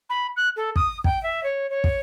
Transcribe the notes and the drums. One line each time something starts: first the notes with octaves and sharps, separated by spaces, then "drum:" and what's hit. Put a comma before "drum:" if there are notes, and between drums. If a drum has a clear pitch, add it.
B5
F#6
A4
D#6, drum: kick
G5, drum: kick
E5
C#5
C#5
drum: kick